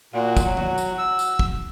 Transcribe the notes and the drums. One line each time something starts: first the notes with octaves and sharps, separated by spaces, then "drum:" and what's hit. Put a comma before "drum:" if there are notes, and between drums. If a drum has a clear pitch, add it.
A#2 F#4
drum: kick, tambourine
F#3
drum: tom D#3
drum: tambourine
E6
drum: tambourine
drum: kick